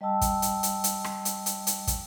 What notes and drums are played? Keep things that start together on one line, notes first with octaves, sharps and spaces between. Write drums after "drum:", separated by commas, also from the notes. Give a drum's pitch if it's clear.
G3 D#5 G5 A5 E6
drum: kick, hi-hat
drum: hi-hat
drum: hi-hat
drum: hi-hat
drum: rim click
drum: hi-hat
drum: hi-hat
drum: hi-hat
drum: kick, hi-hat